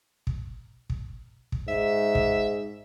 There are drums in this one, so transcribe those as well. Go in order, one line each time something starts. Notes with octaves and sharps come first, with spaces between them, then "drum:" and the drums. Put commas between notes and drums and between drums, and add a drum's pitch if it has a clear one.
drum: kick
drum: kick
drum: kick
G#2 E5
drum: kick